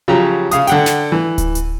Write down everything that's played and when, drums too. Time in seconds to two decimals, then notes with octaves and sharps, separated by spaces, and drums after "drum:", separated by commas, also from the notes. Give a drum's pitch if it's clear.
0.08 C#3 F3 F#3 G4 A#5
0.51 C#3 F5 D#6, drum: hi-hat
0.67 D3 F#5 G5, drum: hi-hat
0.86 drum: snare
1.12 E3
1.38 drum: kick D1, hi-hat
1.55 drum: hi-hat